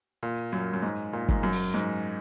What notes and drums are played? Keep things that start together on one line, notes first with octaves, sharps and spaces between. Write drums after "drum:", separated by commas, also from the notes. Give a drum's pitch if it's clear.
A#2
F#2
F#2
G#2
A#2
G#2, drum: kick
F#2
drum: open hi-hat
G#2